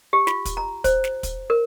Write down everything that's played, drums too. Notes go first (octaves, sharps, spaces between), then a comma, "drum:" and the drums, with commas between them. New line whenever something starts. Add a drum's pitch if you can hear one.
G4
F4, drum: snare
drum: kick, hi-hat
A#5
C5, drum: kick, hi-hat
drum: snare
drum: kick, hi-hat
A#4